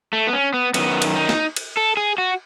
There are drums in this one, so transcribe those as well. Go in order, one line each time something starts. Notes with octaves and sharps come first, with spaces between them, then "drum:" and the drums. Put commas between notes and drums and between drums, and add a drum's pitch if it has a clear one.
A3
B3
C#4
B3
F#2 D#3 B3, drum: cymbal
drum: cymbal
D#4
drum: snare
drum: cymbal
A4
G#4
F#4